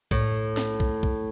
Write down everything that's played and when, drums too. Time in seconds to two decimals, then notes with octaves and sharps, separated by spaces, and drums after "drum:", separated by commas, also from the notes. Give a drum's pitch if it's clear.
0.11 A2, drum: kick
0.34 drum: open hi-hat
0.57 drum: snare
0.80 drum: kick, hi-hat
1.03 drum: kick, hi-hat